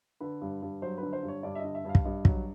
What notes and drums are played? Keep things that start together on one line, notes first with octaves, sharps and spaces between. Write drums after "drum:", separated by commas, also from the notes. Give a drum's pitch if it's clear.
D3 B4
G2
G2
F#3 C5
D3 B4
C5
G2
C#5
G2 D5
E5
D3 D#5
E5
G2 F5
drum: kick
G2 D#5
F#3, drum: kick